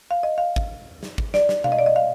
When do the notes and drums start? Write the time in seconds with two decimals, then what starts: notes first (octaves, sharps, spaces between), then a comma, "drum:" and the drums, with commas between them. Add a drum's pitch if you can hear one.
0.11 F5
0.23 D#5
0.38 F5
0.56 drum: kick
1.03 drum: snare
1.18 drum: kick
1.34 D5, drum: snare
1.49 drum: snare
1.64 F5, drum: tom B2
1.72 D#5
1.79 D5
1.86 D#5
1.96 F5